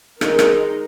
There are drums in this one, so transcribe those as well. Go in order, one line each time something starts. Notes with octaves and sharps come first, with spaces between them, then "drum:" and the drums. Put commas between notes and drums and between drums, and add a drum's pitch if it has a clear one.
D#3 G#3 D#4 A#4, drum: rim click
drum: rim click